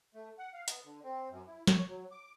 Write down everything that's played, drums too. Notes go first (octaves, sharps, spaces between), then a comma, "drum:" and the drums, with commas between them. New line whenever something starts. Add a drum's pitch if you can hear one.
A3
F#5
F5
B3, drum: hi-hat
D3
C4
F#2
E4
C#5, drum: snare
F#3
D6